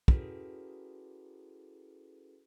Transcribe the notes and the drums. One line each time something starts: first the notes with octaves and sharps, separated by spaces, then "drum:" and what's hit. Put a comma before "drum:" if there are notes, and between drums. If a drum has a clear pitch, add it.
C#4 E4 F#4 G#4 A4 B4, drum: kick